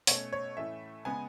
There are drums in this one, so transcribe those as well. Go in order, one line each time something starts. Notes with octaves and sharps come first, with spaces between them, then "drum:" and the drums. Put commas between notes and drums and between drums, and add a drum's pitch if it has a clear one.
B2 A3 C#4 C#5, drum: open hi-hat
C#5
A2 E3 A3 C#4 E5
C#3 G#3 B3 G#5